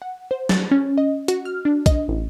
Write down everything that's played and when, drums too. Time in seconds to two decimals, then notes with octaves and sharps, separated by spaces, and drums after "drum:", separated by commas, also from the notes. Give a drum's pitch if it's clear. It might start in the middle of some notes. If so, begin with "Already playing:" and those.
0.02 F#5
0.31 C5
0.49 A6, drum: snare
0.71 C#4
0.98 D#5
1.28 F#4, drum: hi-hat
1.45 F6
1.65 D4
1.86 D#5, drum: kick, hi-hat
2.08 A1